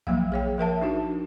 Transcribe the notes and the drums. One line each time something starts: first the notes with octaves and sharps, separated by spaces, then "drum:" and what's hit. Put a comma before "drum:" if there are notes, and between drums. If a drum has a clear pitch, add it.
F3 F#3 A#3 F5, drum: kick A#1
G#4 C#5 G5
F3 A#4 E5 A5
D4 D#4 F#4